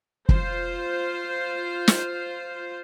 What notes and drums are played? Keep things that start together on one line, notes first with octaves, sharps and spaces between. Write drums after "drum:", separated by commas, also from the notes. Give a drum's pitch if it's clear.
F4 C5, drum: kick
drum: snare